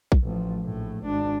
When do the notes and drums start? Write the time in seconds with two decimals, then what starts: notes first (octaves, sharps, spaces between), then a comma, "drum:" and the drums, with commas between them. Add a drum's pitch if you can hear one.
0.12 drum: kick A#1
0.24 A1 F3
0.63 A#1 A2
1.06 G#1 D4